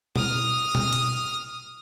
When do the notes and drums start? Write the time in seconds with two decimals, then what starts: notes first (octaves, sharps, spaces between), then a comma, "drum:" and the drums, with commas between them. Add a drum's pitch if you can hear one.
0.16 D#6 F6, drum: tom B2
0.75 drum: tom B2
0.93 drum: hi-hat